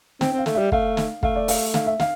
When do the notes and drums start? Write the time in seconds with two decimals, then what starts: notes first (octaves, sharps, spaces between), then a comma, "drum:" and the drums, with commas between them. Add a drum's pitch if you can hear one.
0.21 C4 G5, drum: snare
0.33 C4
0.38 F5
0.46 A3, drum: snare
0.55 G3 E5
0.72 A3 F5, drum: kick
0.97 drum: snare
1.23 A3 F5, drum: kick
1.36 D5
1.48 F5, drum: open hi-hat
1.74 F5, drum: snare
1.86 E5
2.00 F5, drum: snare